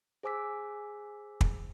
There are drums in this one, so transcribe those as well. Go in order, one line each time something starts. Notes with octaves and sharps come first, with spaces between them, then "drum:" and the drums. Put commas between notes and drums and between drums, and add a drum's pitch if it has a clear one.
G#4 C5 G#5 D6 E6 B6
drum: kick